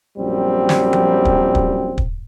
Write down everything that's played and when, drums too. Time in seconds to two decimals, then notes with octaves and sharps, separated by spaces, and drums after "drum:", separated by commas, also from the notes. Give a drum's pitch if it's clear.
0.17 A#1 F#2 G3 C4
0.69 drum: snare
0.93 drum: tom F3
1.25 drum: kick
1.55 drum: kick
1.98 drum: kick